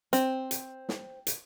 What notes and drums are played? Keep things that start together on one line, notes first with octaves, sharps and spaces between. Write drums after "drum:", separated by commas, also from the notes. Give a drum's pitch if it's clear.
C4, drum: hi-hat
drum: hi-hat
drum: snare
drum: hi-hat